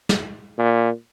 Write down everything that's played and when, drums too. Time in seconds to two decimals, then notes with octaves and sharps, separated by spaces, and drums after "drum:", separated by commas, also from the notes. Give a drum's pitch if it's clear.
0.09 drum: snare
0.58 A#2